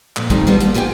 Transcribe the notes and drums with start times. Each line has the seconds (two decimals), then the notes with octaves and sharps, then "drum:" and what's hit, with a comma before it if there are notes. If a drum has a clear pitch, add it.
0.16 F2 A#2, drum: clap
0.30 D#3 F3 G3 A3 C4, drum: kick, hi-hat
0.47 F3 G3 B3 E4
0.60 A#3, drum: hi-hat
0.74 D2 F4 G4 D#5 G5 G#5